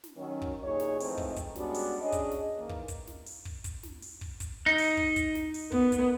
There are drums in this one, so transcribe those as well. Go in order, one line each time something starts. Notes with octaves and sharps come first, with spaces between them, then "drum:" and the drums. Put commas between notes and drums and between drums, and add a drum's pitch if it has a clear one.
drum: snare
D#3 F#3 C#4
drum: kick
D#2 A#2 D#4 G#4 C#5
drum: snare
E3 F3 G#3 A3 C4 D#4, drum: open hi-hat
drum: kick
drum: kick, hi-hat
G3 G#3 B3 C#4 D4 F#4, drum: snare
drum: open hi-hat
C#4 D4 G#4 C#5 D#5
drum: kick, hi-hat
drum: snare
D#3 E3 A#3
drum: kick
drum: kick, hi-hat
drum: snare
drum: open hi-hat
drum: kick
drum: kick, hi-hat
drum: snare
drum: open hi-hat
drum: kick
drum: kick, hi-hat
D#4
drum: open hi-hat
drum: kick
drum: kick, hi-hat
drum: snare
drum: open hi-hat
B3, drum: kick
drum: kick, hi-hat